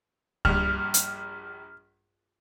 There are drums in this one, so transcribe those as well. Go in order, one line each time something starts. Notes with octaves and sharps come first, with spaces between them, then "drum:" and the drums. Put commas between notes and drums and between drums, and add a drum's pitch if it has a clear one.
A#1 G2 F6, drum: kick C#2
drum: hi-hat